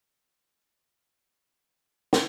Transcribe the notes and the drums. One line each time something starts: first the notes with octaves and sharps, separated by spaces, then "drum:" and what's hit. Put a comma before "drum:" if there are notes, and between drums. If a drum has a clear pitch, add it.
A#2
C3 F4 G#4 C5
C3 A#3 D4 G#4 D#5
D3
D#3 D4 G4 D5 G5
drum: snare